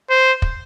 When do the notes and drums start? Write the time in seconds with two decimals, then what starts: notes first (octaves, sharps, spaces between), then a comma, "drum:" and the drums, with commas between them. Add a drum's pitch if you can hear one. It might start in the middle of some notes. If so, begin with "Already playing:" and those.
0.10 C5
0.42 drum: kick